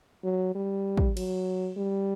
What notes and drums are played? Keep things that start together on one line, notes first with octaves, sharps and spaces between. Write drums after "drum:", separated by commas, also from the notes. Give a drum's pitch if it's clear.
F#3
G3
drum: kick
F#3, drum: cymbal
G3